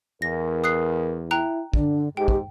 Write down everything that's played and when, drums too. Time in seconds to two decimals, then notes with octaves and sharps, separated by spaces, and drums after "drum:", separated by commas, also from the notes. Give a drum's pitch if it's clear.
0.22 E2 A#4 A#6
0.64 D#6 F#6 C7
1.31 E4 G5 A#5 F#6
1.74 D3 D4, drum: kick
2.17 G#2 G#3 G4 G5
2.28 drum: kick